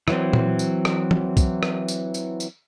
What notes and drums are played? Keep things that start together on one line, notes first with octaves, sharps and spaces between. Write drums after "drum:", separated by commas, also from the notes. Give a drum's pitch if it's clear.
E3 F#3 C4, drum: rim click
drum: tom A#2
drum: tambourine
drum: rim click
drum: tom E3
drum: kick B1, tambourine
drum: rim click
drum: tambourine
drum: tambourine
drum: tambourine